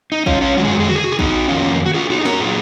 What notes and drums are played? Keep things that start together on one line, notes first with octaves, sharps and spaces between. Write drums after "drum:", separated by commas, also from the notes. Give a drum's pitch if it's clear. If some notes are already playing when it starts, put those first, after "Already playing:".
D#4
C#4 F4, drum: kick
C#4 F4
F#2 D#3 G#3 F#4
G#4, drum: tom
F#4
G#4
F#4, drum: tom
G#4
F#4
G#4
D#4 F#4, drum: kick
F2 D#3 A#3 C#4 F4
F#4
F4 G#4
D#4 F#4
G#4
F#4 A#4, drum: snare
A#2 F#3 A#3 F4 G#4